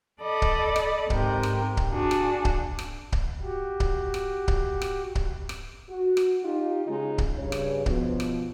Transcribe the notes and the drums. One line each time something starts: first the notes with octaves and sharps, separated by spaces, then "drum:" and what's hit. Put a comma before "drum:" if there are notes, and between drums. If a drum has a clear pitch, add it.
A4 D5 D#5 B5
drum: kick C#1
drum: rim click
G#2 C3 A#4 G5, drum: kick C#1
drum: rim click
drum: kick C#1
D4 F#4 G#4
drum: rim click
drum: kick C#1
drum: rim click
drum: kick C#1
F#4 G4
drum: kick C#1
drum: rim click
drum: kick C#1
drum: rim click
drum: kick C#1
drum: rim click
F#4
drum: rim click
D#4 F4 G4
C#3 G#3 D#4
drum: kick C#1
G2 C#3 C#5
drum: rim click
B2 F3, drum: kick C#1
drum: rim click